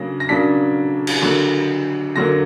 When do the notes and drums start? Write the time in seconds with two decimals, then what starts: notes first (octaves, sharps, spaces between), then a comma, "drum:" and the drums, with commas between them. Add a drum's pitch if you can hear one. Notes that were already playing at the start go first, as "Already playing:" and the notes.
Already playing: C#3 F#3 A#3 D4 A#6
0.20 A#6
0.29 C#3 F#3 A#3 D4 B6
1.07 drum: cymbal
1.22 D3 F#3 A#3
2.16 D3 F#3 A#3 A#6